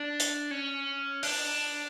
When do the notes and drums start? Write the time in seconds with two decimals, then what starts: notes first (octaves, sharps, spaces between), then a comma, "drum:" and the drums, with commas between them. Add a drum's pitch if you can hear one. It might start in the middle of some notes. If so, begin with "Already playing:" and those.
Already playing: D4
0.20 drum: hi-hat
0.51 C#4
1.23 D4, drum: open hi-hat